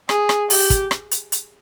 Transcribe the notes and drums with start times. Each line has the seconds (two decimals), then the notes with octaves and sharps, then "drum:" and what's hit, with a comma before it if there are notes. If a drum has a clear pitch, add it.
0.09 G#4, drum: rim click
0.29 drum: rim click
0.50 G4, drum: open hi-hat
0.70 drum: kick, hi-hat
0.91 drum: rim click
1.11 drum: hi-hat
1.32 drum: hi-hat